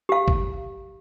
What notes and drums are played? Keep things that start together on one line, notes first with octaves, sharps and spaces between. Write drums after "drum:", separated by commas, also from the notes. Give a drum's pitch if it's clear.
G4 F5
drum: kick